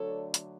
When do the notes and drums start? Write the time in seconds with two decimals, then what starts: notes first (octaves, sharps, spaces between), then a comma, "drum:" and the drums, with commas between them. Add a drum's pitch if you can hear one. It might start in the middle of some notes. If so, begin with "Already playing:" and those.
Already playing: D3 F#3 A3 D4 A4 C#5
0.34 drum: hi-hat